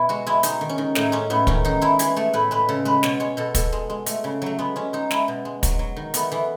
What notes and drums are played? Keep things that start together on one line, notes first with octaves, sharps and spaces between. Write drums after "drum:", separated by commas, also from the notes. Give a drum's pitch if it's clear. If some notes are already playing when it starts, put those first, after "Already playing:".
Already playing: B2 E4
G#3 F#4
G#3 E4
G#3 D#4, drum: hi-hat
D#3
C#4
D#3
A2 D#4, drum: snare
G#3 C#4
A2 B3
D#3 C#4, drum: kick
D#3 D#4
G#3 E4
E3 G#4, drum: hi-hat
A3 A4
A2 B4
G#3 B4
C#3 A4
G#3 B4
B2 C#5, drum: snare
G#3 C#5
B2 A4
B2 A4, drum: kick, hi-hat
G#3
G#3
A3, drum: hi-hat
C#3
F#3 A3
G#3 B3
G#3 C#4
G#3 D#4
G#3 E4, drum: snare
B2
G#3
F#3, drum: kick, hi-hat
F#3
D#3
A3 B3, drum: hi-hat
E3 B3